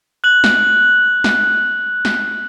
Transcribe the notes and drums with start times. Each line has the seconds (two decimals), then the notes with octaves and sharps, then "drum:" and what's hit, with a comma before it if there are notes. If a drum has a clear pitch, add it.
0.24 F#6 F#7
0.44 drum: snare
1.24 drum: snare
2.05 drum: snare